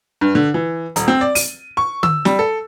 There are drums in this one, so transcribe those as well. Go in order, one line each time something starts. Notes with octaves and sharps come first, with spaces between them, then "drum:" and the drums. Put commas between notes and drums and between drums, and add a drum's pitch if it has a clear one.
G2
D3
E3
D#1, drum: hi-hat
C4
D5
D#7, drum: open hi-hat
C#6
E6, drum: tom
G3, drum: snare
A4